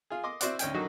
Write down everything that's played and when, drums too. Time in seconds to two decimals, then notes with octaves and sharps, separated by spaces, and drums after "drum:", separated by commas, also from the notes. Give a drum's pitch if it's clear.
0.10 F4 G#4
0.24 D#5 C6 D6 D#6
0.41 C4 E4 F#4 C5 D5 F#5, drum: hi-hat
0.59 D2 C#4 D#4 G5 G#5, drum: hi-hat
0.74 D3 D#3 F#3 D#4 F#4